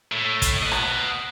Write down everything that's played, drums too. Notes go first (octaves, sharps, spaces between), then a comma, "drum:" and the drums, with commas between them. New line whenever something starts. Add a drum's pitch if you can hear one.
A2
drum: kick, hi-hat
D#5 F#5
drum: rim click